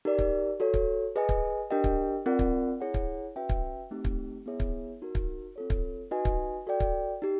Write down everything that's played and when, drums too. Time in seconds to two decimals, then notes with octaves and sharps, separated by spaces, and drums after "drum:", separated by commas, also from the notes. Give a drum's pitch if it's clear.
0.05 D#4 G4 A#4 D5
0.19 drum: kick
0.60 F#4 A4 C#5
0.74 drum: kick
1.16 G#4 B4 D#5 G#5
1.29 drum: kick
1.70 D4 G4 A#4 D#5 G5
1.84 drum: kick
2.26 C4 F4 A#4 D5 F#5
2.39 drum: kick
2.81 E4 G#4 C#5 F#5
2.94 drum: kick
3.36 C#4 F#4 B4 E5 G5
3.49 drum: kick
3.91 A3 C4 D#4 G4
4.05 drum: kick
4.46 B3 E4 G#4 C#5 E5
4.60 drum: kick
5.02 D#4 F#4 A#4
5.15 drum: kick
5.56 C4 F4 A4 C#5
5.70 drum: kick
6.11 D#4 F#4 B4 D#5 G#5
6.25 drum: kick
6.67 F#4 A4 D5 G5
6.80 drum: kick
7.22 D#4 G4